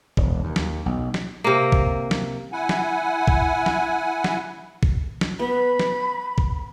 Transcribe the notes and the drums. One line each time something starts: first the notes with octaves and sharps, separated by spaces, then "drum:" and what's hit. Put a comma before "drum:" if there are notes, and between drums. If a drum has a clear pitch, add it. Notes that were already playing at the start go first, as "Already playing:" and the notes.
E1, drum: kick B1
D#2
drum: snare
B1
drum: snare
C3 A#3
drum: kick B1
drum: snare
E4 F#5 G#5
drum: snare
drum: kick B1
drum: snare
drum: snare
drum: kick B1
drum: snare
B3 B5
drum: snare
drum: kick B1